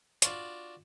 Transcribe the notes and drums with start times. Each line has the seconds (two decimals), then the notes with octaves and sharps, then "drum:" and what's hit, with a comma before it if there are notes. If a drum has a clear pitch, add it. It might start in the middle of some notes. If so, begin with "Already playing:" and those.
0.22 D4 F4 F#4, drum: hi-hat